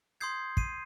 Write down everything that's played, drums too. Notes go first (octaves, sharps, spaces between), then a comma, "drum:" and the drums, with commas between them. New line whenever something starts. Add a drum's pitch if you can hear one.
C6 D#6 G6 G#6 C7
C7 D#7, drum: kick